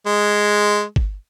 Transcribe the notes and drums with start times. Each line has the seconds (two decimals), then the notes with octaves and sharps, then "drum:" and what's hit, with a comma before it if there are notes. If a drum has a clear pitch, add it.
0.07 G#3
0.96 drum: kick G1